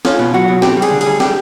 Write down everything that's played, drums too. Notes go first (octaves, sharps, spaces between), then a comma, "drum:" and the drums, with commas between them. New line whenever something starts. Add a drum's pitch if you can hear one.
C#4 F4, drum: snare
B2
F#3 F#4
B2
C4 G4, drum: snare
G3
G#4, drum: cymbal
D3
G#4, drum: cymbal
G3
G4, drum: snare